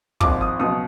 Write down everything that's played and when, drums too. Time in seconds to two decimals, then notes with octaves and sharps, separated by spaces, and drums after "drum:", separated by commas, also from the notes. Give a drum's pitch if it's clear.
0.21 G#1 G#2 F3 D6, drum: kick
0.41 D#6
0.59 C#2 B2 F#3 D#6